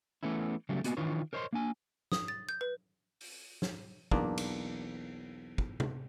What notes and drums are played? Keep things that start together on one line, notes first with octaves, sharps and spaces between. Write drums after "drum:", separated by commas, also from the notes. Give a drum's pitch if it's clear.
E3 A3 B3 C#4 E4
C#3 F#3 G3 A3 B3 C#4
A#3 B3 F#4 D#5 G#5, drum: hi-hat
D#3 E3 D4 F4 B4 C#5
A#4 C5 C#5 D#5 B5 C6
A#3 D4 G#5
D#6, drum: snare
A6
G6
B4
drum: open hi-hat
drum: snare
B1 E2 A#3 D4, drum: kick
drum: cymbal
drum: kick
drum: tom C3